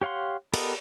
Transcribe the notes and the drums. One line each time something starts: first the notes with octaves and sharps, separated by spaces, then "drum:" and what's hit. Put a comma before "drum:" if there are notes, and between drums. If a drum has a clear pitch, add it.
G4 C#5 F5 F#5 C6
B3 G4 A4 A#4 D#5, drum: cymbal